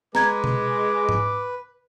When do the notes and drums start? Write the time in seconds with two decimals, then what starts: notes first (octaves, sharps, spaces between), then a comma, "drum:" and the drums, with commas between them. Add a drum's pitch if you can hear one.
0.15 G#3 B4 A#5 D6 G#6, drum: snare
0.44 drum: tom
1.09 drum: tom G#2